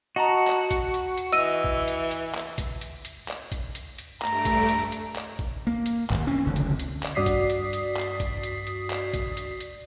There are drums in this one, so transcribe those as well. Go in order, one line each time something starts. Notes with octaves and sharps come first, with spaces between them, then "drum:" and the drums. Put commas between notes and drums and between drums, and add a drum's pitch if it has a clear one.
F#4 D#5 A5 A#5
drum: clap
drum: kick A1, hi-hat
drum: hi-hat
drum: hi-hat
E3 D#5 E6 D#7
drum: kick A1
drum: hi-hat
drum: hi-hat
drum: clap
drum: kick A1, hi-hat
drum: hi-hat
drum: hi-hat
drum: clap
drum: kick A1, hi-hat
drum: hi-hat
drum: hi-hat
G2 A3 A#5 D7, drum: clap
drum: kick A1, hi-hat
drum: hi-hat
drum: hi-hat
drum: clap
drum: kick A1
A#3
drum: hi-hat
D#1 D#2, drum: clap
C4 C#4
F1 C#2 D3
drum: hi-hat
drum: hi-hat
drum: clap
G2 F#4 D5 D#6 B6 C7
drum: kick A1, hi-hat
drum: hi-hat
drum: hi-hat
drum: clap
drum: kick A1, hi-hat
drum: hi-hat
drum: hi-hat
drum: clap
drum: kick A1, hi-hat
drum: hi-hat
drum: hi-hat